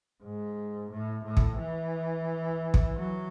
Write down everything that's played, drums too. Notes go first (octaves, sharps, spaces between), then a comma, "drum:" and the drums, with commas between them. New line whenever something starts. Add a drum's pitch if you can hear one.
G#2
A2
A2
drum: kick
E3
drum: kick
F#3